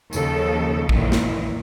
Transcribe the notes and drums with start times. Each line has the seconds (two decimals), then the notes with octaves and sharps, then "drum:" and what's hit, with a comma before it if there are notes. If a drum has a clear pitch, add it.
0.13 D#2 C#3 F3 A4, drum: tambourine
0.89 F#2 A#2 D#3 E3, drum: kick A#1
1.12 drum: snare